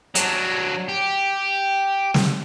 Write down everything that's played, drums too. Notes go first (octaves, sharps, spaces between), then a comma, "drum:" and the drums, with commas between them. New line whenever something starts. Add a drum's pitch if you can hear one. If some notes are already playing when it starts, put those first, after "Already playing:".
F#3 D4, drum: hi-hat
G4
drum: snare